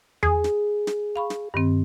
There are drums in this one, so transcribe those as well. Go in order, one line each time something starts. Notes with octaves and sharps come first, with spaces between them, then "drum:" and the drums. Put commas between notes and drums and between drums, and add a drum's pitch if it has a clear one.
G#4, drum: tom E2
drum: snare
drum: snare
F5 B5 C#6
drum: snare
G2 D#3 C4